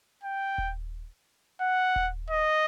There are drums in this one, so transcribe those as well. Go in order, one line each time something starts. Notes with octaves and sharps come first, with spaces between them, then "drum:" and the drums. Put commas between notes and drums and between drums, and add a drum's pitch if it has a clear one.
G5
drum: kick D#1
F#5
drum: kick D#1
D#5